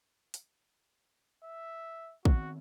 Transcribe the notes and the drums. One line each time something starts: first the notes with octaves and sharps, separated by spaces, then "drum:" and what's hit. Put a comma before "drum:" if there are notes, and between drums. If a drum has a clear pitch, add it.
drum: hi-hat
E5
D#3 B3 C4 F#4, drum: kick